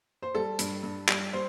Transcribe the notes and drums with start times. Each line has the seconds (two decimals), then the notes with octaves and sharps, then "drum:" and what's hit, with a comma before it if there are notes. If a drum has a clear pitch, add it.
0.22 C5
0.35 G3 A4
0.59 G2, drum: hi-hat
0.83 G2
1.09 G3, drum: clap
1.33 G3 C5